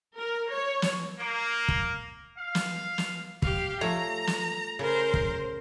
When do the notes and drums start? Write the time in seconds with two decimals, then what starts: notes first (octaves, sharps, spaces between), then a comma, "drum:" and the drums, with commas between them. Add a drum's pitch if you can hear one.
0.17 A#4
0.52 C#5
0.82 drum: snare
1.19 A#3
1.68 drum: kick
2.37 F5
2.55 drum: snare
2.98 drum: snare
3.42 G4 F5, drum: kick
3.81 F3 A3 C#5 A#5
4.27 drum: snare
4.79 C#3 A#4 C5
5.14 drum: kick